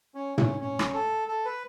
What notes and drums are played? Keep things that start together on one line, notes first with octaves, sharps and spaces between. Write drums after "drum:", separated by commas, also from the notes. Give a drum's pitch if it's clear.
C#4
C#4, drum: tom
C#4
drum: rim click
A4
A4
B4